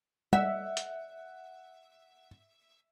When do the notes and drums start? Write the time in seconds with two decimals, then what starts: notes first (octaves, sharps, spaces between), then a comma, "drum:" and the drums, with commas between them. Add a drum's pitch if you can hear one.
0.33 E5 F#5, drum: tom
0.77 drum: hi-hat